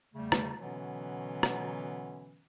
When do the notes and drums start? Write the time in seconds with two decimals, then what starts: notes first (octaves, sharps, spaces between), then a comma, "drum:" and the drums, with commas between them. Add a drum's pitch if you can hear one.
0.14 E2 C#3 G3 A3
0.32 drum: rim click
0.60 B2 D3 E3 F#3 B3 C#4
1.43 drum: rim click